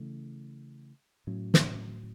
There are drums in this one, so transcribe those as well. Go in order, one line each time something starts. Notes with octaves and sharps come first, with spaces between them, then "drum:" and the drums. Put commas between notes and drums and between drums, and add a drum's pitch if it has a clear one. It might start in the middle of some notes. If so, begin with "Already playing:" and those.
Already playing: C#3 E3 A3
A2 F#3 C#4
drum: snare